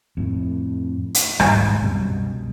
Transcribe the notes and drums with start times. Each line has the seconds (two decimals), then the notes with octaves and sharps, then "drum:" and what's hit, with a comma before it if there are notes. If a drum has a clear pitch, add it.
0.17 F2 A2
1.15 drum: hi-hat
1.40 D#1 C2 G#2 G3, drum: rim click
1.81 C2 F#2 B2 G3